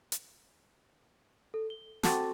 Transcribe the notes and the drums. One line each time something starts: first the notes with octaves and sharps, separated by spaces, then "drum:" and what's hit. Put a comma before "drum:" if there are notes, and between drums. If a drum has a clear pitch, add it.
drum: hi-hat
A4
G7
C4 F#4 A4 A5 D6 A6, drum: snare